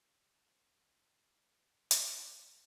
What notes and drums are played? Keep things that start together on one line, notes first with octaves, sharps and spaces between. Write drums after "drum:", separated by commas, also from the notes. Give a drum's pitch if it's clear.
G2 E4
drum: hi-hat